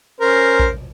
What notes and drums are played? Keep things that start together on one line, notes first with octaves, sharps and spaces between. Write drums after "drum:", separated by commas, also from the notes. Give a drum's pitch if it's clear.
C#4 A#4 C5
drum: kick A#1